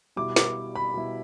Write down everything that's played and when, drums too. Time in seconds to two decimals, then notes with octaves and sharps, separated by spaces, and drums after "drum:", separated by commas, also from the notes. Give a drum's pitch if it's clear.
0.16 B2 G3 E4 D6
0.36 D6, drum: snare
0.75 B5
0.94 B2 G3 E4